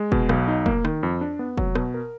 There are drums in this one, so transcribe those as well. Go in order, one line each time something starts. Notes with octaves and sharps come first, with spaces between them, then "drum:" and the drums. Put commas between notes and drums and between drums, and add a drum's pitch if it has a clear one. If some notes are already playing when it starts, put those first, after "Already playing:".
Already playing: G#3
B2, drum: kick
B1, drum: rim click
D#4
A#3, drum: kick
D#3, drum: rim click
F2
D4
B3
F#3, drum: kick
B2, drum: rim click
A#4